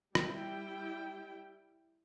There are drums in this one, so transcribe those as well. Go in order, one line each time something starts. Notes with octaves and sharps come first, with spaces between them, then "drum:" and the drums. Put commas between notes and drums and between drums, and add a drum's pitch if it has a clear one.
G3 E4 G5, drum: rim click